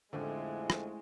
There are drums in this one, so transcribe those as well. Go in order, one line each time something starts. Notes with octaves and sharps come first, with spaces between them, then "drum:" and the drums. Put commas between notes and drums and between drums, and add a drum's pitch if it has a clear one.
F2 A2 D3 G#3 C#4 G4
drum: rim click